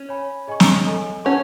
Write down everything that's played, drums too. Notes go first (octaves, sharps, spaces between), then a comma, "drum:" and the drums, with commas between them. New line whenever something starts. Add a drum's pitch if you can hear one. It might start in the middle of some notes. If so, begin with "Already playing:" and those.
Already playing: C#4
C#5 G#5 B5
G#4 D#5 G#5 C#6
drum: snare
A4 D#5 G#5
C#4 B4 F#5 A5 C#6